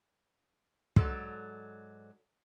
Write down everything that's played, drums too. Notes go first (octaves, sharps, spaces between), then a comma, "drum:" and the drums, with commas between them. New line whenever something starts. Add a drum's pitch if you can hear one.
G#2 F#3 A4 D5, drum: kick